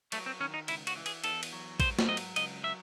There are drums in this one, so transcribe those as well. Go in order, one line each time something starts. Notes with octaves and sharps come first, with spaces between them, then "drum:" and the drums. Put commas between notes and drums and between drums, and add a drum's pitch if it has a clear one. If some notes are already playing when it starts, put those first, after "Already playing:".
F#3 A3, drum: cymbal
C4
D#3 C#4
D#4
C#2 E4, drum: cymbal
F#4, drum: cymbal
E3
G#4, drum: cymbal
E2 A4, drum: cymbal
drum: cymbal
F#3
G#2 C5, drum: kick A1, cymbal
drum: snare
F#3 D#5
drum: cymbal
C#2 D#5, drum: cymbal
F#3 E5